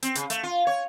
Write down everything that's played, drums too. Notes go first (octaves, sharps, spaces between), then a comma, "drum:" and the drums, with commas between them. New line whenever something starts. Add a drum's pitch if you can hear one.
C4, drum: hi-hat
C#3, drum: hi-hat
A3, drum: hi-hat
F4
C#5